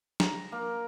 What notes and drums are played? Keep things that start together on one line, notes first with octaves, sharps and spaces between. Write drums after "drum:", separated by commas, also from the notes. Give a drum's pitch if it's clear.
A#5, drum: snare
A#3